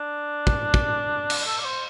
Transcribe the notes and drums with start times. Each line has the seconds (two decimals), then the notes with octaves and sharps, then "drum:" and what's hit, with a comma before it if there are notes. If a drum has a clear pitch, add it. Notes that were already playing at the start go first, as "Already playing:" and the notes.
Already playing: D4
0.47 drum: kick
0.74 drum: kick
1.30 drum: cymbal
1.46 A4
1.59 D5
1.65 C5